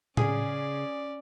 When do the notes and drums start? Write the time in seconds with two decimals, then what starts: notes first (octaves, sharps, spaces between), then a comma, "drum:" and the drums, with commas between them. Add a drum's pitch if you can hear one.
0.17 C#3 C#4 G#4 D5, drum: tom A2